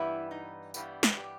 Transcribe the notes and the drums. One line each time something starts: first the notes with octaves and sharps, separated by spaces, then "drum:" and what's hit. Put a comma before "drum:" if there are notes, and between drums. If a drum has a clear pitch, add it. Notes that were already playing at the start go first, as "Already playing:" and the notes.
Already playing: G2 E3 G3 B3 E4
D#4
G2 E3 G3 B3, drum: tambourine
drum: snare
G4